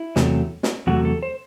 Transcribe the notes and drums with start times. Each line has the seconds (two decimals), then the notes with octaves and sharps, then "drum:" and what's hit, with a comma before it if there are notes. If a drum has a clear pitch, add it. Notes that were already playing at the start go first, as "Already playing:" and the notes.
Already playing: E4
0.16 E2 C3 F#3 A3, drum: snare
0.63 drum: snare
0.87 E2 C3 F#3 A3 F#4
1.05 A4
1.23 C5